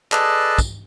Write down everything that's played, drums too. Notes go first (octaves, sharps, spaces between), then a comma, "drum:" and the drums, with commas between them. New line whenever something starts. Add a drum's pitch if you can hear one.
G#4 A4 B4 D5 D#5 A5, drum: clap
drum: kick, tambourine